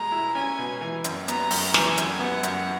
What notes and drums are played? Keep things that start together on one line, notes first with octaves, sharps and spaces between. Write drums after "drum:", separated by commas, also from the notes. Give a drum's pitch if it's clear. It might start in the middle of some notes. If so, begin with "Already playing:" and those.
Already playing: B2 G#3 A#5
E4
C#4 G#5
B2
E3
F#2, drum: hi-hat
B3 A#5, drum: hi-hat
F#2, drum: open hi-hat
E3 G#5, drum: snare
F#2, drum: hi-hat
B3 F#5
F#2, drum: hi-hat